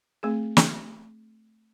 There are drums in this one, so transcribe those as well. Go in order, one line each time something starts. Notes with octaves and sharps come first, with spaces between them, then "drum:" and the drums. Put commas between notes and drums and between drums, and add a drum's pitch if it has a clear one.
A3 C4 G#4
drum: snare